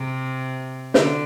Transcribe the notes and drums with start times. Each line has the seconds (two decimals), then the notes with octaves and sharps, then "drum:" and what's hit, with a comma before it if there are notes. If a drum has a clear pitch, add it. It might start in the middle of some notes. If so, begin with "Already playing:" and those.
Already playing: C3
0.94 D3, drum: snare